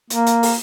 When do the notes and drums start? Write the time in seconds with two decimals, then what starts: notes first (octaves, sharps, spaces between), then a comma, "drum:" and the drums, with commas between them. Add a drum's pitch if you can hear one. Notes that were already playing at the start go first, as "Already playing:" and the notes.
0.10 A#3, drum: hi-hat
0.27 drum: hi-hat
0.43 drum: open hi-hat